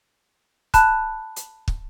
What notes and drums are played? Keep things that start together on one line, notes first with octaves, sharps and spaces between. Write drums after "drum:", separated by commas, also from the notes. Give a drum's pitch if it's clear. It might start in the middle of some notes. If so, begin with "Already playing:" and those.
A5 B5 F#6, drum: kick, hi-hat
drum: hi-hat
drum: kick